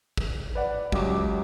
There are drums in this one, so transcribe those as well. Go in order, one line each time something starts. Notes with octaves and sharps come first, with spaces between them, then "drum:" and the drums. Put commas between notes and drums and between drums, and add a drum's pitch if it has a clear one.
drum: kick
B4 D5 F#5
C#2 F#3 G4 D6, drum: kick